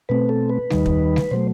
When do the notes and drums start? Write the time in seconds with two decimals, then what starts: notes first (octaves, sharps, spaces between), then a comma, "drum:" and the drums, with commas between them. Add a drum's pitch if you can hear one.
0.09 B2 A3 C4 B4
0.29 A4
0.49 B4
0.70 D#2 D#3 G3 D#4, drum: snare G3
0.86 drum: kick
1.16 drum: snare G3
1.31 B2 F#3 A3 C5